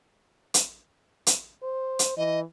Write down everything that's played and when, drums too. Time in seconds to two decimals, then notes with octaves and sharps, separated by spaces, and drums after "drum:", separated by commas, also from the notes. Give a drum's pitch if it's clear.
0.54 drum: hi-hat
1.27 drum: hi-hat
1.63 C5
1.99 drum: hi-hat
2.17 E3 D#5